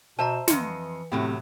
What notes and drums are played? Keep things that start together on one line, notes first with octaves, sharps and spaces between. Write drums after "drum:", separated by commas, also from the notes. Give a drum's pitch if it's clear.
B2 C5 E5 A5 A#5
F2 E3 F3 D#5 C6 C#7, drum: snare
E2 A2 C3 F#3 G4